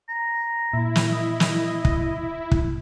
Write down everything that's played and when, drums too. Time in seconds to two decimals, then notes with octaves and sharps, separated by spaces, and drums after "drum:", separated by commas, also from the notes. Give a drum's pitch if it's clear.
0.09 A#5
0.73 A#2 E4
0.96 drum: snare
1.13 D#5
1.40 drum: snare
1.85 drum: kick
2.52 drum: kick